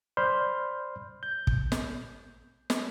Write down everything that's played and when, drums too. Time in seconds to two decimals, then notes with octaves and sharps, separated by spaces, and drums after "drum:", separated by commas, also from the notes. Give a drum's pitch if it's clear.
0.17 C5 D5 B5 C6 F6 G6
1.23 G6
1.47 drum: kick
1.72 drum: snare
2.70 drum: snare